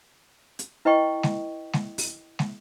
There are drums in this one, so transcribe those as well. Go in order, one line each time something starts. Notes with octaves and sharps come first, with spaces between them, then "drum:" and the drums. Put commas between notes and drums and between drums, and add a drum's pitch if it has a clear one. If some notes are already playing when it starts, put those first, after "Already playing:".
drum: hi-hat
E4 B4 D#5 G5 C#6
drum: snare
drum: snare
drum: open hi-hat
drum: snare